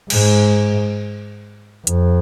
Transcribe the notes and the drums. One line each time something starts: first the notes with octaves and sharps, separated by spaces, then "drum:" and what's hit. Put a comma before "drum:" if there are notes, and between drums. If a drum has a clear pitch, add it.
G#2, drum: cymbal
F2, drum: hi-hat